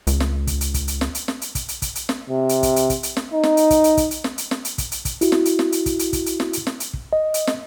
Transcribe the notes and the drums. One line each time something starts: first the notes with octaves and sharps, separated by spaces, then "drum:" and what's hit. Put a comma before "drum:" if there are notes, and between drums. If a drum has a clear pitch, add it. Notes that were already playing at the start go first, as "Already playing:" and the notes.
C#2, drum: hi-hat
drum: snare
drum: kick, hi-hat
drum: hi-hat
drum: kick, hi-hat
drum: hi-hat
drum: snare
drum: hi-hat
drum: snare
drum: hi-hat
drum: kick, hi-hat
drum: hi-hat
drum: kick, hi-hat
drum: hi-hat
drum: snare
C3
drum: hi-hat
drum: kick, hi-hat
drum: hi-hat
drum: kick, hi-hat
drum: hi-hat
drum: snare
D#4
drum: snare
drum: hi-hat
drum: kick, hi-hat
drum: hi-hat
drum: kick, hi-hat
drum: hi-hat
drum: snare
drum: hi-hat
drum: snare
drum: hi-hat
drum: kick, hi-hat
drum: hi-hat
drum: kick, hi-hat
E4 F#4, drum: hi-hat
drum: snare
drum: hi-hat
drum: snare
drum: hi-hat
drum: kick, hi-hat
drum: hi-hat
drum: kick, hi-hat
drum: hi-hat
drum: snare
drum: hi-hat
drum: snare
drum: hi-hat
drum: kick
D#5
drum: hi-hat
drum: snare